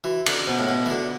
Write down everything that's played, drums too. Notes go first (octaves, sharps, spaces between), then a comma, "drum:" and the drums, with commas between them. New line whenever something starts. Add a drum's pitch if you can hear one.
E3 F#4
D3, drum: cymbal
B2 C5 F#5
A2
B2
E3
D3 F#4